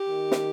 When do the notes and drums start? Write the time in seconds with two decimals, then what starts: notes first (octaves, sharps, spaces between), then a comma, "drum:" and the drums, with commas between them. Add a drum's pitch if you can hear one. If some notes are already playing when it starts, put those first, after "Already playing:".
Already playing: G4
0.08 D#3
0.31 drum: snare